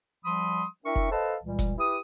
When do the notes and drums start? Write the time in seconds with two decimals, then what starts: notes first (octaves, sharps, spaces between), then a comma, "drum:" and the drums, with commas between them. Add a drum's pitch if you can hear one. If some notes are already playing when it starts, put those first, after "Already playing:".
0.25 F3 G3 B5 C6 D#6
0.85 D4 E4 A#4 E5 G5 C#6
0.96 drum: kick F1
1.11 A4 B4 C5 D#5 F5 A5
1.44 C#2 A#2 E3 G3
1.59 drum: kick F1, hi-hat
1.78 E4 G4 B4 D#6